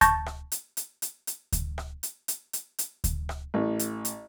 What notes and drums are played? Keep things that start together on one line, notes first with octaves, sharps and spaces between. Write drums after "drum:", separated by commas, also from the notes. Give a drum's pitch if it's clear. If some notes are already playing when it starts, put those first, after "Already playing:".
A5 C#6 G6 A6 A#6, drum: kick D2, hi-hat
drum: rim click
drum: hi-hat
drum: hi-hat
drum: hi-hat
drum: hi-hat
drum: kick D2, hi-hat
drum: rim click
drum: hi-hat
drum: hi-hat
drum: hi-hat
drum: hi-hat
drum: kick D2, hi-hat
drum: rim click
A1
drum: hi-hat
drum: hi-hat